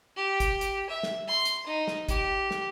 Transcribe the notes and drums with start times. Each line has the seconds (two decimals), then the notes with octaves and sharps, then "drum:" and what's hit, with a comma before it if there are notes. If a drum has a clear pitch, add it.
0.16 G4
0.40 drum: kick, hi-hat
0.61 drum: hi-hat
0.89 E5
1.03 drum: snare
1.28 C6
1.45 drum: hi-hat
1.67 D#4
1.88 drum: snare
2.09 G4, drum: kick, hi-hat
2.51 drum: snare